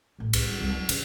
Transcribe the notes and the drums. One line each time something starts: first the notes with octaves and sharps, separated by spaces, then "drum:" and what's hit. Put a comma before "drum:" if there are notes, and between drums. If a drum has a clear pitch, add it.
A1 A2
C2, drum: cymbal
G2
C2 G3
F#3
C#3, drum: cymbal